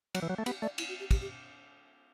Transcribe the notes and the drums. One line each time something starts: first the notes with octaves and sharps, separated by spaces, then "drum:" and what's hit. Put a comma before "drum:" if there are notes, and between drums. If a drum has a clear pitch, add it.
F#3, drum: cymbal
E3
F#3
A3
B3 G4, drum: cymbal
A3 D5
E4, drum: cymbal
F#4
G4
G4, drum: kick, cymbal
G4